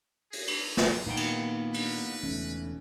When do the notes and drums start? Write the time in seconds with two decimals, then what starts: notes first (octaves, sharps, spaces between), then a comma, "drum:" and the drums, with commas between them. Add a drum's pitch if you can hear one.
0.33 G#4, drum: open hi-hat
0.48 drum: cymbal
0.77 drum: snare
1.07 A#2 D#3 F#3 A#3 B3 D#4 G5
1.17 drum: cymbal
1.74 B4, drum: cymbal
2.23 E1 A3 C#4